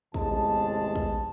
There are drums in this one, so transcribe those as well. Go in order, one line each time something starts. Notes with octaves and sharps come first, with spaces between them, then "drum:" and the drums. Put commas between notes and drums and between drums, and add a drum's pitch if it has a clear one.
A1 E2 C3 D#3 G#3 A5, drum: kick
drum: kick